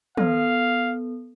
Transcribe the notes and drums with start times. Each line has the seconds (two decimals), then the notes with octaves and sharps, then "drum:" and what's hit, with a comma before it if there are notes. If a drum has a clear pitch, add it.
0.17 B3 A4 F5, drum: tom